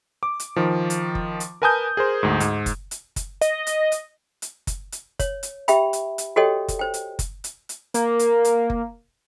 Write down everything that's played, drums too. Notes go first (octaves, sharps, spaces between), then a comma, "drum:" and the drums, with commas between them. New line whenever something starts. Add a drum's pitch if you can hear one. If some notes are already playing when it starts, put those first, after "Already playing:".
D6
drum: hi-hat
D#3 F3
drum: hi-hat
drum: kick F#1
drum: hi-hat
A#4 B4 G#5 A5 D#6 G6
G#4 A#4 C5
D2 G#2
G#2, drum: hi-hat
drum: kick F#1, hi-hat
drum: hi-hat
drum: kick F#1, hi-hat
D#5, drum: hi-hat
drum: hi-hat
drum: hi-hat
drum: hi-hat
drum: kick F#1, hi-hat
drum: hi-hat
C#5, drum: kick F#1, hi-hat
drum: hi-hat
G4 E5 G5 B5, drum: hi-hat
drum: hi-hat
drum: hi-hat
F#4 G4 A4 C#5 D#5 G5
drum: kick F#1, hi-hat
C5 G5
drum: hi-hat
drum: kick F#1, hi-hat
drum: hi-hat
drum: hi-hat
A#3, drum: hi-hat
drum: hi-hat
drum: hi-hat
drum: kick F#1